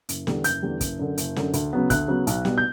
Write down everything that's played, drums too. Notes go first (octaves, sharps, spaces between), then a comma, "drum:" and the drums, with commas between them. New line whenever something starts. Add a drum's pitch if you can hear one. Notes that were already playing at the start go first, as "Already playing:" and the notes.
F#1, drum: hi-hat
E2 D3 G3, drum: snare
F#1 G6, drum: hi-hat
E2 D3 G3
F#1, drum: kick, hi-hat
F#2 D3
F#1, drum: hi-hat
F#2 D3, drum: snare
D2, drum: hi-hat
C#3 F#3 B3
D2 F#6, drum: kick, hi-hat
C#3 F#3 B3
B1, drum: hi-hat
B2 G3, drum: snare
G6